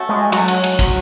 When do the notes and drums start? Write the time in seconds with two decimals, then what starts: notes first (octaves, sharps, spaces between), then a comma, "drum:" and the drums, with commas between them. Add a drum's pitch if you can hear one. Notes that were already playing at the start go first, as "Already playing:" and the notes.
Already playing: A3 C#4 F#4
0.09 G#3
0.32 F#3 A3 C#4 F#4, drum: cymbal
0.48 drum: cymbal
0.64 drum: cymbal
0.79 D#3 G#3 C#4 F#4, drum: kick, cymbal